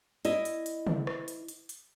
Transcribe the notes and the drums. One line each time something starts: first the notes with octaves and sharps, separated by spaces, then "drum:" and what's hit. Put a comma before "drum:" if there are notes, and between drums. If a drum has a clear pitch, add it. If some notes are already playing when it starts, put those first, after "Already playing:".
E4 D#5, drum: hi-hat
drum: hi-hat
drum: hi-hat
drum: tom
drum: rim click
drum: hi-hat
drum: hi-hat
drum: hi-hat